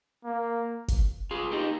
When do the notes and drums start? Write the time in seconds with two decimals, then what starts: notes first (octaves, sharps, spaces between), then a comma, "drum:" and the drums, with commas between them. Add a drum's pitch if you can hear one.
0.25 A#3
0.88 drum: kick, hi-hat
1.31 F4 G#4
1.52 D#4 G4